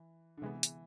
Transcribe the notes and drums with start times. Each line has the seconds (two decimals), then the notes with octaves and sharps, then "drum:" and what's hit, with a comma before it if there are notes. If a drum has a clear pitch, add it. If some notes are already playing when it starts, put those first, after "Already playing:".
Already playing: E3
0.37 D3
0.42 C3 E3 G#3 B3
0.63 drum: hi-hat